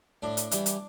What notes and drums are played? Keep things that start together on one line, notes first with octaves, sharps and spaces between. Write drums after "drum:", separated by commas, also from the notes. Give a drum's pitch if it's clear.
A2 D4
drum: hi-hat
E3 G3, drum: hi-hat
drum: hi-hat